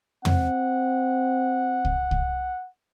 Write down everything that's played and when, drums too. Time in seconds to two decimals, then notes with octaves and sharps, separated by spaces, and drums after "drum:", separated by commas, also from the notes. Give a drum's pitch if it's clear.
0.25 C4 F#5, drum: tom
1.85 drum: kick C2
2.11 drum: kick C2